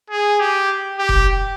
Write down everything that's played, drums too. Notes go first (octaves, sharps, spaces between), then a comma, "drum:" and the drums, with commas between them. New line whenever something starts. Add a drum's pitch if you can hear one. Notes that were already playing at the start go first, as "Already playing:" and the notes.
G#4
G4
G4
drum: kick F1